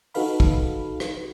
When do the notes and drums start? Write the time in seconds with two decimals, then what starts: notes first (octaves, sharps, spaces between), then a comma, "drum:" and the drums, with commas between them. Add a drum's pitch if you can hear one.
0.14 D#4 F#4 A4 B4 F5 B5, drum: open hi-hat
0.40 drum: kick
1.00 drum: rim click